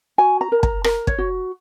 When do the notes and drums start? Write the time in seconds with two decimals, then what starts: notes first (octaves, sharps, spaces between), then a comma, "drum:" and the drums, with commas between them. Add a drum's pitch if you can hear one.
0.18 F#4 G#5
0.41 A#5
0.52 A#4
0.63 A#5, drum: kick
0.84 A#4 A#5, drum: rim click
1.07 C#5, drum: kick
1.18 F#4